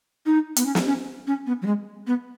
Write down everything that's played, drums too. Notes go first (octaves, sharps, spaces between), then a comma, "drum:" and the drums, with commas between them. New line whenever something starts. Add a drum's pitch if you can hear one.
D#4
B3, drum: hi-hat
C#4
drum: snare
C#4
C#4
B3
F#3
G#3
B3